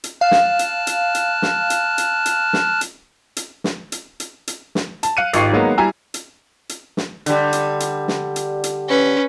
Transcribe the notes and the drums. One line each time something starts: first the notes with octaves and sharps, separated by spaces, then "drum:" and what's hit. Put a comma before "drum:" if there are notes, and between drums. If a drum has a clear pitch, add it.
drum: hi-hat
F5 A5 F6 F#6
drum: snare
drum: hi-hat
drum: hi-hat
drum: hi-hat
drum: snare
drum: hi-hat
drum: hi-hat
drum: hi-hat
drum: snare
drum: hi-hat
drum: hi-hat
drum: snare
drum: hi-hat
drum: hi-hat
drum: hi-hat
drum: snare
A5, drum: hi-hat
F5 F#6 C#7 D#7
G#1 G#2 F4 G4 C#6 C7, drum: hi-hat
D#3 F#3 G#3 A#3 B3
G3 E4 G#5 A#5 E6
drum: hi-hat
drum: hi-hat
drum: snare
D3 G3, drum: hi-hat
drum: hi-hat
drum: hi-hat
drum: snare
drum: hi-hat
drum: hi-hat
C#4 B4